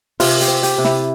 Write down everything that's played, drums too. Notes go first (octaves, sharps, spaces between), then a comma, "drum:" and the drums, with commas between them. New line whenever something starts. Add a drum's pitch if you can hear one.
C3 F4, drum: open hi-hat
G4, drum: hi-hat
C4
G4, drum: hi-hat
C3
E4, drum: snare